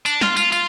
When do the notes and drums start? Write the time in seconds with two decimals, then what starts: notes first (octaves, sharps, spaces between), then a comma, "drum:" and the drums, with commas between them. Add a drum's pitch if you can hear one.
0.06 D4, drum: tambourine
0.21 F4, drum: snare
0.36 F4, drum: tambourine
0.52 F4, drum: tambourine